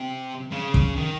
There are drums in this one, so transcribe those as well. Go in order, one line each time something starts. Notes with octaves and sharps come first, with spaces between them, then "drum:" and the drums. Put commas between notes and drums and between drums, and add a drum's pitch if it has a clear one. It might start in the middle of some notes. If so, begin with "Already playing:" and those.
Already playing: C3
C#3
drum: kick
D#3